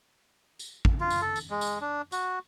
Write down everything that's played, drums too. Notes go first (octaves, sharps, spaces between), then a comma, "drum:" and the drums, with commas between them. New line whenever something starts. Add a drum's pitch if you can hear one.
drum: tambourine
drum: kick
F4
drum: tambourine
A4
drum: tambourine
G#3
drum: tambourine
D4
F#4, drum: tambourine